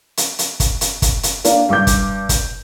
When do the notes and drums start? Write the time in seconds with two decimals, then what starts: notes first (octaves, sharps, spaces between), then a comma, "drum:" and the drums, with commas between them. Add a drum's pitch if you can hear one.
0.17 drum: hi-hat
0.39 drum: hi-hat
0.60 drum: kick, hi-hat
0.81 drum: hi-hat
1.02 drum: kick, hi-hat
1.23 drum: hi-hat
1.44 A#3 D4, drum: hi-hat
1.69 G2 D6 G6
1.87 drum: kick, hi-hat
2.29 drum: kick, hi-hat